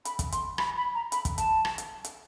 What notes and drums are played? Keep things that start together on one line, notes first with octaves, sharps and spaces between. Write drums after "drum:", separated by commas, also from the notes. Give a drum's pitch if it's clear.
B5, drum: hi-hat
drum: kick, hi-hat
C6, drum: hi-hat
B5, drum: rim click
B5
A#5
B5, drum: hi-hat
drum: kick, hi-hat
A5, drum: hi-hat
drum: rim click
drum: hi-hat
drum: hi-hat